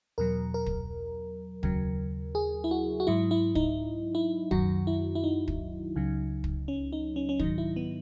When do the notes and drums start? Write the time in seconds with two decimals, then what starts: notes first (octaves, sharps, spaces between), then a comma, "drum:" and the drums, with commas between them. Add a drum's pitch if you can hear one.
0.18 E2 B2 F#3 A#4
0.54 A#4
0.66 drum: kick
1.63 D#2 C#3 F#3, drum: kick
2.35 G#4
2.64 E4
2.71 F#4
3.00 F#4
3.07 G#2 F#3 E4
3.31 E4
3.55 D#4, drum: kick
4.15 E4
4.51 F#2 D#3 F#3 F#4, drum: kick
4.87 E4
5.15 E4
5.24 D#4
5.48 drum: kick
5.96 C#2 C#3 F#3
6.44 drum: kick
6.68 C#4
6.93 D#4
7.16 C#4
7.29 C#4
7.39 G#2 D#3 F#3 D#4, drum: kick
7.58 E4
7.76 B3